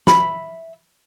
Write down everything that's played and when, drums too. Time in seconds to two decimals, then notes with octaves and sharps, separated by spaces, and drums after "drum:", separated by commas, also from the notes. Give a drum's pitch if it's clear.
0.07 E5 B5, drum: snare